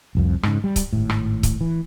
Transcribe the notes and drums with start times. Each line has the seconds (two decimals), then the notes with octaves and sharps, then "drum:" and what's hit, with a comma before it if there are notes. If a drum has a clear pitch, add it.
0.15 F1 C2 F2
0.43 G#2 C#3, drum: rim click
0.64 G3
0.76 drum: kick C#1, hi-hat
0.93 G#1 A2
1.09 drum: rim click
1.43 drum: kick C#1, hi-hat
1.61 E3